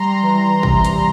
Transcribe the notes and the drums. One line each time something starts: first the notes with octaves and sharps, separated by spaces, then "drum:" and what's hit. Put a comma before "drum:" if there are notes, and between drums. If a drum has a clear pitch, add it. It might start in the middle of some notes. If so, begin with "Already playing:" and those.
Already playing: G3 A#5 C6
E3
C3, drum: kick
drum: hi-hat